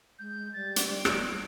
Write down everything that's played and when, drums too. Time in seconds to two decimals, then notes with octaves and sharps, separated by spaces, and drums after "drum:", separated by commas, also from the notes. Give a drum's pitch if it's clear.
0.19 G#3 G6
0.53 G3 A6
0.76 D7, drum: hi-hat
1.05 drum: rim click